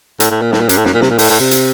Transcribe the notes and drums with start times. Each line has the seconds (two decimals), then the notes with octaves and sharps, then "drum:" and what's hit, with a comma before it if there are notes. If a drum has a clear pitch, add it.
0.20 A2, drum: hi-hat
0.31 A2
0.42 A#2
0.52 A2, drum: snare
0.61 A#2
0.69 F#2, drum: hi-hat
0.78 A2
0.85 F#2, drum: snare
0.94 A#2
1.02 C3, drum: snare
1.10 A#2
1.18 A2, drum: open hi-hat
1.30 A2
1.40 C3
1.51 drum: hi-hat